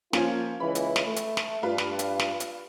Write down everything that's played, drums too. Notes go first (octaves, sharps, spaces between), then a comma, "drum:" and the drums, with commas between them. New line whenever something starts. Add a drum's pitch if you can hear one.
F3 A#3 C#4 F4, drum: snare
C#2 E3 B5
drum: hi-hat
drum: snare
A3
drum: hi-hat
drum: snare
G2 F4 B4
drum: snare
drum: hi-hat
drum: snare
drum: hi-hat